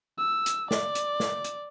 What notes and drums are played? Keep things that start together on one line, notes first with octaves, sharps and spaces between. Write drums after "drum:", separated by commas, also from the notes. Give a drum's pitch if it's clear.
E6
drum: hi-hat
D5, drum: snare
drum: hi-hat
drum: snare
drum: hi-hat